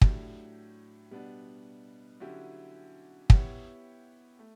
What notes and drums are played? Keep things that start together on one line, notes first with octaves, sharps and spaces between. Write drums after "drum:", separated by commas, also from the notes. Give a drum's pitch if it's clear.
A2 F#3 A3 D4 G4, drum: kick
B2 G3 B3 D4
D3 F#3 C#4 E4 G4
B3 E4 G4 C#5, drum: kick
A3